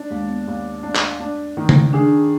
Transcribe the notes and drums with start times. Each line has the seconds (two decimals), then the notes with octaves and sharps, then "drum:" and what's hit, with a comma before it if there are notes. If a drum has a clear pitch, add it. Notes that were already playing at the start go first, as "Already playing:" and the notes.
Already playing: D4
0.10 D#2 G#3
0.28 B3
0.47 D#2
0.83 D4
0.96 drum: clap
1.20 D4
1.57 D#3
1.69 drum: tom C#3
1.93 D4 G#4